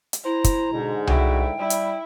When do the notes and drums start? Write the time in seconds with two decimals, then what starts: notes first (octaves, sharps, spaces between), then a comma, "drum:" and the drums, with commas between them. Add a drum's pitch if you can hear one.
0.13 drum: hi-hat
0.25 E4 C5 A#5
0.44 drum: kick, hi-hat
0.72 G#2 B2 D3
1.07 E4 F#4 G5, drum: tom C2
1.59 G3 E4
1.70 drum: hi-hat